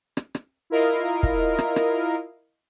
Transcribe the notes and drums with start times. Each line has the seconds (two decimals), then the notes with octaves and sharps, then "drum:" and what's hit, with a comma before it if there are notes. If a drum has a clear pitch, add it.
0.17 drum: rim click
0.35 drum: rim click
0.70 E4 F4 A#4 D#5 F5
1.23 drum: kick
1.58 drum: rim click
1.76 drum: rim click